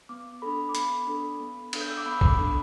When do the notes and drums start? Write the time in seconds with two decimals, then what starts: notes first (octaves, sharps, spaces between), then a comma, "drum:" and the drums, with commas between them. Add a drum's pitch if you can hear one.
0.09 B3 D6
0.42 D4 A4 B5
0.69 D6
0.75 B3 B5, drum: hi-hat
1.07 D4 A4
1.40 B3
1.73 D4 A4, drum: cymbal
1.81 G6
1.90 E6
1.97 D6
2.06 B3 B5
2.21 B5, drum: kick
2.27 D6
2.38 D4 A4